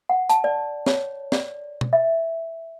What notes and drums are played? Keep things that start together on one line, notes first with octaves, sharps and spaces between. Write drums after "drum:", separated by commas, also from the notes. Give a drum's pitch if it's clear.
F#5
A5, drum: hi-hat
D5
C#5, drum: snare
D5, drum: snare
drum: tom
E5